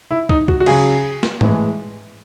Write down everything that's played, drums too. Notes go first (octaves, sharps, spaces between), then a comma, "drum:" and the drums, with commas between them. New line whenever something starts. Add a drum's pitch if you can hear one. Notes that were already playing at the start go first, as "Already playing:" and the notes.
E4
D#4, drum: kick
F#4, drum: kick
F#4
C#3 F#3 G#4, drum: cymbal
drum: snare
A2 E3 G#3, drum: tom G#2